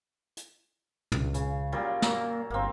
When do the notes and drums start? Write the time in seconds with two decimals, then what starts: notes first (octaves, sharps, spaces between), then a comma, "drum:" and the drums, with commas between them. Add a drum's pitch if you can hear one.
0.37 drum: hi-hat
1.12 C#2, drum: tom
1.34 C#3, drum: hi-hat
1.72 A#2 F#3 G3
2.02 F#3 A#3, drum: snare
2.50 G1 A#3 C4